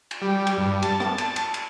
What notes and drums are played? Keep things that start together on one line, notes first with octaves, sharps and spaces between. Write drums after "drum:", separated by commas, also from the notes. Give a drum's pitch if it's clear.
drum: cymbal
G3
drum: cymbal
G2
A5, drum: cymbal
drum: rim click
drum: cymbal
drum: cymbal
drum: cymbal